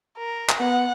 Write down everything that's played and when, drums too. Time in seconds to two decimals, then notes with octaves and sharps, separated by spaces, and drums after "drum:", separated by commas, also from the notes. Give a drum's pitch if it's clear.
0.18 A#4
0.49 drum: clap
0.60 B3 F#5